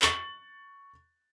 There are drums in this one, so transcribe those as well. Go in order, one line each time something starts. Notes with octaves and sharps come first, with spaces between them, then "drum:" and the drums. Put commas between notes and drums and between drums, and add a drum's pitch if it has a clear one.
C#6 A6 F#7, drum: clap